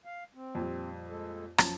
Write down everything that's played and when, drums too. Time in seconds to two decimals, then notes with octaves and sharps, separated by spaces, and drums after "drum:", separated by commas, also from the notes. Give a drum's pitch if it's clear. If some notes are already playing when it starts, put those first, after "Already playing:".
0.05 F5
0.35 C4
0.55 F2 A#2 G3
1.09 G#3 A4
1.58 F#2 F3 A5, drum: rim click